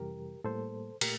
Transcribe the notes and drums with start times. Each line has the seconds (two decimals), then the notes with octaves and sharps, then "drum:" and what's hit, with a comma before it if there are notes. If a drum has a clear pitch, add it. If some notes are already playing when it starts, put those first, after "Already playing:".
Already playing: F2 C3 E3 G3 G4 A#4
0.44 A2 G3 A#3 A4 C5
1.01 A#2 A3 G4 A#4, drum: cymbal